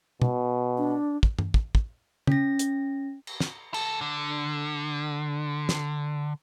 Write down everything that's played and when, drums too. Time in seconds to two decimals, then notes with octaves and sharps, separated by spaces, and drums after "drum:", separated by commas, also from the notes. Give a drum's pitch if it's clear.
0.22 B2, drum: tom
0.78 D4
1.23 drum: kick
1.39 drum: tom G2
1.54 drum: kick
1.75 drum: kick
2.27 C#4 A#6, drum: tom
2.59 drum: hi-hat
3.27 drum: cymbal
3.40 drum: snare
3.74 C#2 A4, drum: cymbal
4.01 D3
5.69 drum: snare